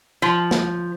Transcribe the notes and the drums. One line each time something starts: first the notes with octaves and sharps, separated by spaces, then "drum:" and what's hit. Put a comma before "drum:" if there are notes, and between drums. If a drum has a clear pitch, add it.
F3
drum: snare